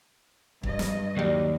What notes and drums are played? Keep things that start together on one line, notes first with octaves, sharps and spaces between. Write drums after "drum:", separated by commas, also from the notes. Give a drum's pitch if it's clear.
G2 D#5, drum: kick
drum: snare
D#2 F#3 G4 D5